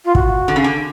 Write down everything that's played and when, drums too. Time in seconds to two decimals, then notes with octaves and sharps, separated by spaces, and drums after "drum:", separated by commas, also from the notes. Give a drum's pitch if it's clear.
0.05 F4
0.15 F#4, drum: kick
0.48 D3
0.56 C#3
0.64 D3